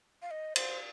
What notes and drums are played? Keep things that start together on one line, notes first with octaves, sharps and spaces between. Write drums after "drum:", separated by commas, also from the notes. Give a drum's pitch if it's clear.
F5
D#5
C5, drum: cymbal